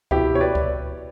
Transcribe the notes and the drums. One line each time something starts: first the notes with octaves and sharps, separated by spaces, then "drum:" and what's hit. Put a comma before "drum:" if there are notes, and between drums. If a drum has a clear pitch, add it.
B2 E4 G4, drum: kick C#2
B2 C#5
B4 D5
drum: kick C#2